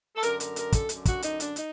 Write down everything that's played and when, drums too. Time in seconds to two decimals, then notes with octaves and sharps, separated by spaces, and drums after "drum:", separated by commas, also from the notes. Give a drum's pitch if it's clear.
0.16 A4
0.23 F#2 D3 A#4, drum: hi-hat
0.40 A#4, drum: hi-hat
0.56 A#4, drum: hi-hat
0.72 A4, drum: kick, hi-hat
0.89 F#2 D3, drum: hi-hat
1.05 F#4, drum: kick, hi-hat
1.22 D#4, drum: hi-hat
1.40 D4, drum: hi-hat
1.56 D#4, drum: hi-hat